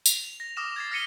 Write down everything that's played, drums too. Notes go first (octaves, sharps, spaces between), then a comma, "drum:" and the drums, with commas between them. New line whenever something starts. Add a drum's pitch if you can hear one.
F7, drum: tambourine
F7
A#6
D6 D#6 F6 A#6 E7
G#6 A6 C7
F6 A#6 B6 C#7 D#7 G7